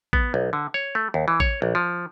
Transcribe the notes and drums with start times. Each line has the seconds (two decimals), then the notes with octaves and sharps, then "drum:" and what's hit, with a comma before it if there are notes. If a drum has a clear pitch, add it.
0.13 B3, drum: kick A1
0.34 B1
0.53 D3
0.74 C#5
0.95 A3
1.14 D#2
1.28 E3
1.40 C#5, drum: kick A1
1.62 A#1
1.75 F3